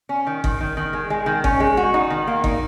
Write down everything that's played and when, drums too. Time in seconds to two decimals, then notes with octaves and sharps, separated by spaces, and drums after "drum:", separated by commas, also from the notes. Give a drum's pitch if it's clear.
0.09 C#4
0.27 D#3
0.44 D#3, drum: kick G1
0.60 D#3
0.77 D#3
0.93 G#3
1.10 G#3
1.26 D#3
1.44 C#4, drum: kick G1
1.60 G#3
1.77 F#4
1.94 D#4
2.10 D#3
2.27 A#3
2.44 D#4, drum: kick G1